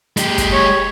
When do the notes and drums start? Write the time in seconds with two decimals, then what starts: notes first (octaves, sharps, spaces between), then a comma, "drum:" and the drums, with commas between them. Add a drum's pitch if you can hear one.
0.17 G#3 G4, drum: hi-hat
0.38 drum: kick, hi-hat
0.53 C#5